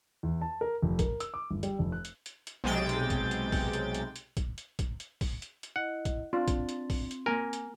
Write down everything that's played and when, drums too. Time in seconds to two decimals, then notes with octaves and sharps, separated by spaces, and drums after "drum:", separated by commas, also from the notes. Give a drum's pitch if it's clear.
0.23 E2
0.42 A5
0.61 A#4
0.82 F1
0.99 A#4, drum: kick, hi-hat
1.20 E6, drum: hi-hat
1.34 D6
1.51 G1
1.63 G3, drum: hi-hat
1.79 F1
1.92 F#6
2.05 drum: hi-hat
2.26 drum: hi-hat
2.47 drum: hi-hat
2.64 B1 C3 G#3 G5 A6
2.89 drum: hi-hat
3.10 drum: kick, hi-hat
3.31 drum: hi-hat
3.52 drum: kick, open hi-hat
3.73 drum: hi-hat
3.95 drum: hi-hat
4.16 drum: hi-hat
4.37 drum: kick, hi-hat
4.58 drum: hi-hat
4.79 drum: kick, hi-hat
5.00 drum: hi-hat
5.21 drum: kick, open hi-hat
5.42 drum: hi-hat
5.63 drum: hi-hat
5.76 E4 D#5 F#5
6.05 drum: kick, hi-hat
6.33 C4 D4 F4
6.48 drum: kick, hi-hat
6.69 drum: hi-hat
6.90 drum: kick, open hi-hat
7.11 drum: hi-hat
7.26 A#3 A#4 G#5
7.53 drum: hi-hat